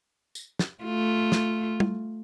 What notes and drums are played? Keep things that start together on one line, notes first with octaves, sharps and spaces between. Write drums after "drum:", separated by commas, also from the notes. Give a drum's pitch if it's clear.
drum: tambourine
drum: snare
A3 F4
drum: snare
drum: tom